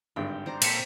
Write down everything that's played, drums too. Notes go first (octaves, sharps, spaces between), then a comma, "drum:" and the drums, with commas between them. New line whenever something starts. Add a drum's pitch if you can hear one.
G#1 G2 D3 G5
C5 D5 A#5
A#2 C4 A4 B6 C#7 E7, drum: cymbal